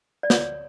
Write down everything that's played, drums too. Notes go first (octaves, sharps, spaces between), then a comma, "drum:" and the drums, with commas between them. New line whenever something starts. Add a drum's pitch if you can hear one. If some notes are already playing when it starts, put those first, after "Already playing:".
D5
C#5, drum: snare